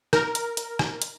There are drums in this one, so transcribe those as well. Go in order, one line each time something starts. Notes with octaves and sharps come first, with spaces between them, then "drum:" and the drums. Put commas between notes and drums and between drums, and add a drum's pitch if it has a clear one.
A#4, drum: rim click
drum: hi-hat
drum: hi-hat
drum: rim click
drum: hi-hat